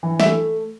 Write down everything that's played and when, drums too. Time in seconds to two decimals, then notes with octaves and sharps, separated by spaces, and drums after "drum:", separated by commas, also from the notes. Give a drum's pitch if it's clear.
0.03 E3
0.20 E5, drum: snare
0.26 A3